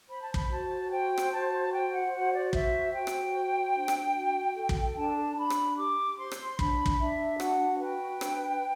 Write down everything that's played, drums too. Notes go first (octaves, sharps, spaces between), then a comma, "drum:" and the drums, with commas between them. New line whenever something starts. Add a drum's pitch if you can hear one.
C5 B5
A5
B5, drum: kick
F#4 A5
C5 G5
drum: rim click
F#4 A5
C5 G5
F#5
F#4 F#5
D5
C5 E5, drum: kick
F#4 G5
drum: rim click
C5
D4
drum: rim click
F#4
A4
drum: kick
D4 A5
D4 B5
drum: rim click
G4 D6
C5 C6
drum: rim click
D4 B5, drum: kick
drum: kick
D4 E5
F#4 F#5, drum: rim click
B4 G5
D4, drum: rim click